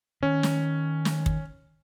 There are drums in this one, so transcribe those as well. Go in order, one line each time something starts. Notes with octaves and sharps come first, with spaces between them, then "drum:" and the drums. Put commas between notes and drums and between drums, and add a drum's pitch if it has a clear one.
D#3 C#4
drum: snare
drum: snare
drum: kick